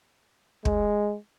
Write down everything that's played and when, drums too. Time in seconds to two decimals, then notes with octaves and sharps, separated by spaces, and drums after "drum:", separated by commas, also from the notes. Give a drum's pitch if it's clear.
0.65 G#3, drum: kick